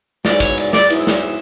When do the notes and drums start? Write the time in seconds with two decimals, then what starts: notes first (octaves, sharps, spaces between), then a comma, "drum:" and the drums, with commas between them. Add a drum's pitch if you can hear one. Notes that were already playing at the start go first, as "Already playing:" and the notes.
0.25 G#2 F#3 B3 E4 D5, drum: snare
0.40 C#5, drum: kick, cymbal
0.58 D5, drum: cymbal
0.73 D5, drum: snare
0.90 G#2 F#3 B3 E4, drum: cymbal
0.99 E5
1.07 D5, drum: snare
1.16 E5